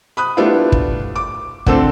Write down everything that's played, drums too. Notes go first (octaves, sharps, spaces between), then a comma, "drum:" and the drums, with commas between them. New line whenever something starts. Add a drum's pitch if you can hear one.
B5 D#6 F#6
G3 A3 B3 D4 E4 F4
drum: kick
D6
D3 A3 C4 D4 A4, drum: kick